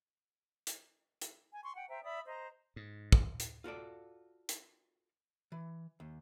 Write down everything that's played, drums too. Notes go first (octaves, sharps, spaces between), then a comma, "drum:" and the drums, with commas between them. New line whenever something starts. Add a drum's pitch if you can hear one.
drum: hi-hat
drum: hi-hat
G#5
C6 C#6
F#5 G5
C5 E5 G5 A#5
D5 E5 B5 D#6
C5 D#5 A#5
G#2
drum: kick
drum: hi-hat
F4 F#4 A4 D5
drum: hi-hat
E3
D#2